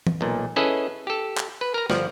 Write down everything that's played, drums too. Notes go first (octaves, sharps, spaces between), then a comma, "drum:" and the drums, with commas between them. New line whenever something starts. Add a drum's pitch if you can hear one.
drum: tom E3
B1 A#2
C#4 E4 G#4 A4 B4 D#5
G4 A4
drum: clap
B4
A#4 A#5
G1 F3 D5, drum: snare